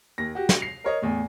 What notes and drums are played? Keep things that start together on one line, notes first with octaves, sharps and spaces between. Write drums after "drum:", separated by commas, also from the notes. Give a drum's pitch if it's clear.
D#2 A#6
F#4 G4
drum: snare
C7 F7
A#4 C#5 D#5
E2 A2